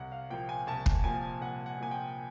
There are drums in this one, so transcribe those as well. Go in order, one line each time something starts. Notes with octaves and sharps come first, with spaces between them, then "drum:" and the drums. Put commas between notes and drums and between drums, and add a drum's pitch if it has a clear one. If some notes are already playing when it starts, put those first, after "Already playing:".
Already playing: C2 F#5
F5
A#2 F3 A#3 G5
G#5
C2 A5
drum: kick
A#2 F3 A#3 G#5
C2 F#5
F#5
A#2 F3 A#3 G#5
G5